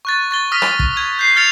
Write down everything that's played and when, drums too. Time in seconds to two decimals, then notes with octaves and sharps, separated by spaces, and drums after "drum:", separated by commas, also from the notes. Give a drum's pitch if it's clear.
0.05 C#6 F#6 A6
0.31 C#6 A6 G7
0.52 D#6 F6 A#6 B6 D#7
0.62 drum: rim click
0.79 drum: kick
0.97 G#6
1.19 G6 C7
1.36 F6 A6 C#7 F7